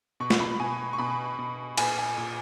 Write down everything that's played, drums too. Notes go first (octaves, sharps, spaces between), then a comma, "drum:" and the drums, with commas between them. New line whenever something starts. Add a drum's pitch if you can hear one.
B2 C#6
drum: snare
B5
B2 G#5
C#6
B2 B5
B2
A#2 G#5, drum: cymbal
G#5
A#2